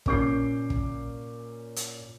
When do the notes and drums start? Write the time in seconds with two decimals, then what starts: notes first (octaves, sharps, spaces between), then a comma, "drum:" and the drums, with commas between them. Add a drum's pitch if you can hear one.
0.06 A#2 C#4 D6 G6 C7, drum: kick
0.70 drum: kick
1.76 drum: hi-hat